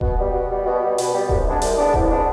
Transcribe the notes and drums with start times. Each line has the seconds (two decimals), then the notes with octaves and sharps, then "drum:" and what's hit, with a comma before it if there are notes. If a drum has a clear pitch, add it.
0.01 B2, drum: kick D#1
0.18 G3 B3
0.33 B2
0.50 G3 B3
0.66 B2
0.82 G3 B3
0.98 B2, drum: hi-hat
1.14 G3 B3
1.29 C2, drum: kick D#1
1.46 B2 G#3 B3 D4
1.62 C2, drum: hi-hat
1.78 B2 G#3 B3 D4
1.94 C2, drum: kick D#1
2.10 B2 G#3 B3 D4